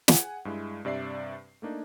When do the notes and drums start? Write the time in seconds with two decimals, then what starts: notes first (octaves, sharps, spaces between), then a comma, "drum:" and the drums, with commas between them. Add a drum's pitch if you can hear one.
0.08 G#4 F#5 G#5, drum: snare
0.45 G2 G#3 E4
0.85 G2 C3 D5 E5 C7
1.62 A3 A#3 D4 D#4